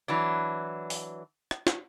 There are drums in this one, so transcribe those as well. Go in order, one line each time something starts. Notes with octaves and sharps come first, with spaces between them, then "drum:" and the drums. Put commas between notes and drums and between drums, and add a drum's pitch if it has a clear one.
E3 F#3 D4
drum: open hi-hat
drum: rim click
drum: snare